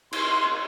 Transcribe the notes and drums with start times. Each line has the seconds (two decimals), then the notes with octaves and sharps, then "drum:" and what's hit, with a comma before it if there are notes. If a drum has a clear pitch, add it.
0.13 C6, drum: cymbal